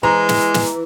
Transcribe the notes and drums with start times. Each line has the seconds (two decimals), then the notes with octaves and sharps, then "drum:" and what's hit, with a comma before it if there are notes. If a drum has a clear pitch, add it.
0.03 E3 G#3 A#5
0.29 drum: snare
0.54 drum: snare